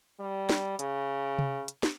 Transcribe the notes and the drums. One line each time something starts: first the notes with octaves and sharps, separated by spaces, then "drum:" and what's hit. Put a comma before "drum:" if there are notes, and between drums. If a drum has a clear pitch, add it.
G3
drum: snare
C#3, drum: hi-hat
drum: tom C3
drum: hi-hat
drum: snare